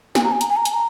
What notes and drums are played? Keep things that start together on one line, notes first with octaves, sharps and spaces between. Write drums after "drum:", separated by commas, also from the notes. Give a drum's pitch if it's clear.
G#5, drum: snare
A#5
G#5
A#5, drum: hi-hat
G#5
A#5
G#5, drum: hi-hat
A#5